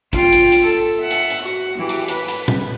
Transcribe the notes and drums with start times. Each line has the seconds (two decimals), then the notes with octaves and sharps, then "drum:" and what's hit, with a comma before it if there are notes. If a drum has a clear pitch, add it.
0.13 F4 G5, drum: kick, hi-hat
0.33 drum: hi-hat
0.52 drum: hi-hat
0.63 A4
0.99 E5 F#5
1.11 drum: hi-hat
1.30 drum: hi-hat
1.42 F#4
1.78 E3 G4
1.89 drum: hi-hat
2.08 B4, drum: hi-hat
2.28 drum: hi-hat
2.48 drum: tom A#2